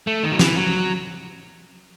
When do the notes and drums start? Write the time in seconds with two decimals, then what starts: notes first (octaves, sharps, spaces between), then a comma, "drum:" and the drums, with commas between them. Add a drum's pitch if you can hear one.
0.07 A3
0.23 D#3
0.32 F#3
0.39 E3, drum: snare
0.57 F#3